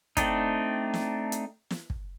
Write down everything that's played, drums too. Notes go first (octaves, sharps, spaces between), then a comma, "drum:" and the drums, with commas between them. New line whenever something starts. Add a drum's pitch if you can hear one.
A3 C4 D4 D#4, drum: kick, hi-hat
drum: snare
drum: hi-hat
drum: snare
drum: kick